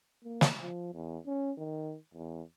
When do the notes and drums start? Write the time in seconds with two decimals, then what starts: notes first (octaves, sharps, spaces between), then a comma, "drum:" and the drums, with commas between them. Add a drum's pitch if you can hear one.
0.24 A#3
0.41 drum: snare
0.62 F3
0.93 E2
1.26 C#4
1.58 D#3
2.14 E2